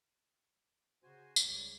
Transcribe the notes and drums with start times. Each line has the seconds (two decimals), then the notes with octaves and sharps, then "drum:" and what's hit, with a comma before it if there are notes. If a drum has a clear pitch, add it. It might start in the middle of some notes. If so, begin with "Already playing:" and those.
1.03 C#3 F#4 C5 G#5
1.36 C#2 C#3 G3 C#5 D5, drum: tambourine